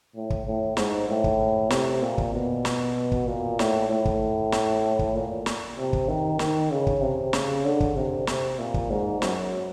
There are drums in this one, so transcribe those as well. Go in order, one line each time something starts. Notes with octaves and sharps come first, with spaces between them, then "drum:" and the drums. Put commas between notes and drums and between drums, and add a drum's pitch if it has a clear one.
A2
drum: kick
A2
G#2, drum: snare
A2
drum: kick
C3, drum: snare
A#2
drum: kick
B2
drum: snare
drum: kick
A#2
A2, drum: snare
A2
drum: kick
drum: snare
drum: kick
A#2
drum: snare
C3
drum: kick
D#3
D#3, drum: snare
C#3
drum: kick
C3
C#3, drum: snare
D3
drum: kick
C3
C3, drum: snare
A#2
drum: kick
G#2
F#2, drum: snare